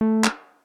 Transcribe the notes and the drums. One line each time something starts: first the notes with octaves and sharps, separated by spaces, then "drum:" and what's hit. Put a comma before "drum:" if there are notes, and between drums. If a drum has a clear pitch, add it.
A3
drum: clap